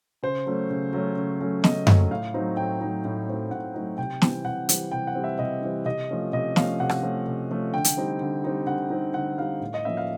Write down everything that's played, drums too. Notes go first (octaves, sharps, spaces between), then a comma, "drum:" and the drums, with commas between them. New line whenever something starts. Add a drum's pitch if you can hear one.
C#3 C5
F#3 A3 C#4
C#3
F#3 A3 C#4
C#3
F#3 A3 C#4
C#3 D#5, drum: snare
F#3 A3 C#4, drum: tom F#2
A2 F5
F#3 A3 C4 D#4
A2 G5
F#3 A3 C4 D#4
A2
F#3 A3 C4 D#4
A2 F#5
F#3 A3 C4 D#4
C3 G5
E3 G3 C4, drum: snare
C3 F#5
E3 G3 C4, drum: hi-hat
C3 G5
F#5
E3 G3 C4
E5
C3 D#5
E3 G3 C4
C3 D#5
F3 A3 C#4
C3 D#5
F3 A3 C#4 F5, drum: snare
C3 F#5
drum: rim click
F3 A3 C#4
C3
F3 A3 C#4
D3 G5
drum: hi-hat
G3 C4 D#4
D3
G3 C4 D#4
D3 F#5
G3 C4 D#4
D3 F#5
G3 C4 D#4 F5
A2
D#5
F3 A#3 C#4 E5
F5